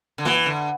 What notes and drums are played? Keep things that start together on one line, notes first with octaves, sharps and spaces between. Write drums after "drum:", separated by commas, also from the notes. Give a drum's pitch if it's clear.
D3
E3, drum: snare
D3